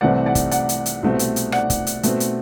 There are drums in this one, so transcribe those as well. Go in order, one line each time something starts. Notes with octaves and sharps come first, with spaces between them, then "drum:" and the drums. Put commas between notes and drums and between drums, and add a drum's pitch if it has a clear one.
C2 C3 E3 A3 C4 D5 F#5
D5 F#5
drum: kick, hi-hat
D5 F#5, drum: hi-hat
drum: hi-hat
drum: hi-hat
C2 B2 A3 C4
drum: hi-hat
drum: hi-hat
D5 F#5, drum: rim click
drum: kick, hi-hat
drum: hi-hat
B2 A3 C4, drum: hi-hat
drum: hi-hat